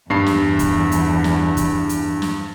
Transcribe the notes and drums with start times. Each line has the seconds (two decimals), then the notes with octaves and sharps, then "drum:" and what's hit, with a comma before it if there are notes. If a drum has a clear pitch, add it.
0.10 E2 G2 C7
0.26 drum: snare
0.59 drum: kick, hi-hat
0.92 drum: hi-hat
1.24 drum: snare
1.57 drum: kick, hi-hat
1.89 drum: hi-hat
2.22 drum: snare